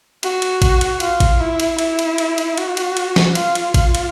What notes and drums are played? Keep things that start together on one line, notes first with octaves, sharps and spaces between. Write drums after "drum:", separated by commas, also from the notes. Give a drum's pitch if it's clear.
F#4, drum: cymbal
drum: cymbal
drum: kick A1, cymbal
drum: cymbal
F4, drum: cymbal
drum: kick A1, cymbal
E4
drum: cymbal
E4, drum: cymbal
drum: cymbal
drum: cymbal
drum: cymbal
F#4, drum: cymbal
drum: cymbal
drum: cymbal
drum: snare
F4, drum: cymbal
drum: cymbal
F4, drum: kick A1, cymbal
drum: cymbal